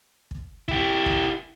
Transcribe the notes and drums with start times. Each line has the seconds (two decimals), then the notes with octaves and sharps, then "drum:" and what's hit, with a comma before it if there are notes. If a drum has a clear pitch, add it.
0.31 drum: kick
0.68 E4 G4, drum: kick
1.06 drum: kick